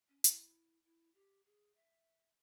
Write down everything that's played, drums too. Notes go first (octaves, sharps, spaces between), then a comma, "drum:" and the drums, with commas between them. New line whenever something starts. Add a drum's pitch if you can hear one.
C#4
E4, drum: hi-hat
E4
G4
G#4
E5